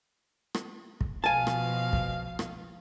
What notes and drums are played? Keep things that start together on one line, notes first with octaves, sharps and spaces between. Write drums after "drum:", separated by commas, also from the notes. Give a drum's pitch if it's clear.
drum: rim click
drum: kick
B2 F3 F5 G#5 A5
drum: rim click
drum: kick
drum: rim click